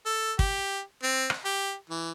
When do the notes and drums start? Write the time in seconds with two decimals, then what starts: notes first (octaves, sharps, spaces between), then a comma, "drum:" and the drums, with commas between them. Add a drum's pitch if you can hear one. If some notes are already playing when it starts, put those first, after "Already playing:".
0.06 A4
0.39 G4, drum: kick
1.03 C4
1.30 drum: rim click
1.45 G4
1.90 E3